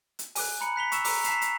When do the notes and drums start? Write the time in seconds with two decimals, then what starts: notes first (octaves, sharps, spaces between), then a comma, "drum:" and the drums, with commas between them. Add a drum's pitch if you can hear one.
0.19 drum: hi-hat
0.35 G#5 D6 F#6, drum: open hi-hat
0.61 A#5 B5 C#7
0.76 F#6 B6 F7 G7
0.92 C#6 E6 E7, drum: hi-hat
1.04 A#5 D6, drum: open hi-hat
1.24 A5 B6 C7 E7 F7, drum: hi-hat
1.42 drum: hi-hat